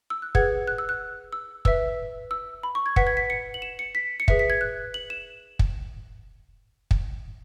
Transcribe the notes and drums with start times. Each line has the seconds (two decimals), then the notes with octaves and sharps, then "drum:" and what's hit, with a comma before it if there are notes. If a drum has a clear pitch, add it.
0.10 E6
0.22 F#6
0.35 G#4 B4 F#5 G#6, drum: kick
0.67 F#6
0.78 E6
0.89 F#6
1.33 E6
1.65 B4 E5 E6, drum: kick
2.31 E6
2.63 B5
2.75 C#6
2.86 G#6
2.96 B4 F#5 B6, drum: kick
3.07 G#6
3.17 B6
3.30 C#7
3.54 F#7
3.62 E7
3.79 C#7
3.95 B6
4.20 C#7
4.28 G#4 B4 E5 B6, drum: kick
4.39 B6
4.50 G#6
4.61 F#6
4.94 F#7
5.10 E7
5.59 drum: kick
6.91 drum: kick